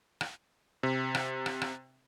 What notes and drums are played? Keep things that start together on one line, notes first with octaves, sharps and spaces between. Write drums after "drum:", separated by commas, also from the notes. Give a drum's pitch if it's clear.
drum: rim click
C3
drum: rim click
drum: rim click
drum: rim click